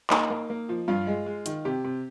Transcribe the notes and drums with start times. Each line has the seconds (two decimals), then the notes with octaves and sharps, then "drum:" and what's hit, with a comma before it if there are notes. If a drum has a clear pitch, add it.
0.10 A#3 D#4, drum: clap
0.30 A#3
0.50 A#3
0.69 F3
0.88 G2 F4
1.07 G#3
1.26 G#3
1.46 D#3, drum: hi-hat
1.65 C3 G4
1.84 C3